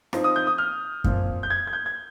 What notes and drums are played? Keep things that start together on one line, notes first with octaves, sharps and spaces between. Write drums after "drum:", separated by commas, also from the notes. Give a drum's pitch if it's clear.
F3 C4 D#4, drum: rim click
D#6
G6
D#6
F6
A#2 F3 C4 F4, drum: kick F#2
G6
G#6
G#6
G6
G#6